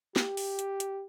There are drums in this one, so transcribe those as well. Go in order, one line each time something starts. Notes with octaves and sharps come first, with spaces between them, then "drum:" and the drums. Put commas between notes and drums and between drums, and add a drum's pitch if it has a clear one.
G4, drum: snare
drum: open hi-hat
drum: hi-hat
drum: hi-hat